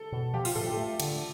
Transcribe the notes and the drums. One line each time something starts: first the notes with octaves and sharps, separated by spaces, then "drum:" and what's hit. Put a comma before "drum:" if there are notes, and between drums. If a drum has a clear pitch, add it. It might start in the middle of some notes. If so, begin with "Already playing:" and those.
Already playing: A4
B2
F3 G4
F4, drum: open hi-hat
A2 A4
G4
A3
D3, drum: cymbal